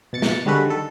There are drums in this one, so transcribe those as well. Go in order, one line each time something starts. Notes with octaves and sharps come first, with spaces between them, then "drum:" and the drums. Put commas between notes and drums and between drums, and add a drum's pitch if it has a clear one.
B2 A6 C#7
drum: snare
D3 G3 G#3 F#4 A4 B4
D#3 A4